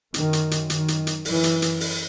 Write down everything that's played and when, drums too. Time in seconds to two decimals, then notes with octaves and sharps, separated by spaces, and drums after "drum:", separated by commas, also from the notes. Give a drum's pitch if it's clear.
0.14 F#2 D#3, drum: hi-hat
0.33 drum: hi-hat
0.51 drum: hi-hat
0.70 D#3, drum: hi-hat
0.88 drum: hi-hat
1.07 drum: hi-hat
1.25 F#2 E3, drum: open hi-hat
1.44 drum: hi-hat
1.62 drum: hi-hat
1.80 drum: open hi-hat